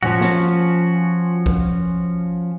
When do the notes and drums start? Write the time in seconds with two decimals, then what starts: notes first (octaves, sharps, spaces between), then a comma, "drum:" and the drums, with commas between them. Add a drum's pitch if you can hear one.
0.03 F3 C#4 F#4, drum: tom A2
0.21 drum: snare
1.46 drum: kick A#1